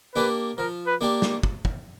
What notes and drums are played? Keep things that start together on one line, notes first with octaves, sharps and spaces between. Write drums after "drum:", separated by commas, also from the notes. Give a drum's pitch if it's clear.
A#3 D4 G4 B4
F3 A#4
B4
A#3 D4 G4
drum: snare
drum: kick
drum: kick